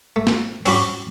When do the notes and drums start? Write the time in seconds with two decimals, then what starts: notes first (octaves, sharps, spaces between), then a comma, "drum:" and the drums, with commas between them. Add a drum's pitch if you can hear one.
0.16 A3
0.27 drum: snare
0.66 C4 C#4 F#4 B5 D6, drum: open hi-hat